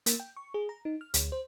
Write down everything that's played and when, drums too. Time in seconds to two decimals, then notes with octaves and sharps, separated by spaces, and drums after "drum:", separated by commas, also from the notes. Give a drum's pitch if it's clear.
0.06 A#3, drum: hi-hat
0.20 G5
0.37 C#6
0.54 G#4
0.69 A#5
0.85 D#4
1.01 F6
1.14 D2, drum: hi-hat
1.32 C5